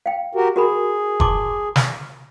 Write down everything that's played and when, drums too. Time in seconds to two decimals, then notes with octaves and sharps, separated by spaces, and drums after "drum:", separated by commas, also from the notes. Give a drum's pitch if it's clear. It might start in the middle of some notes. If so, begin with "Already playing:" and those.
0.06 F5 G5
0.35 F#4 G4 A#4
0.56 F#4 G#4 A#4 B5
1.20 A5 C6 D6, drum: kick F1
1.76 drum: snare